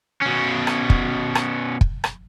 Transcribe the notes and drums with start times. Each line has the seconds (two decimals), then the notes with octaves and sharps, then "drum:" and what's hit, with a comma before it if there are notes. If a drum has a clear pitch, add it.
0.21 B2 C#4
0.67 drum: rim click
0.90 drum: kick
1.35 drum: rim click
1.81 drum: kick
2.04 drum: rim click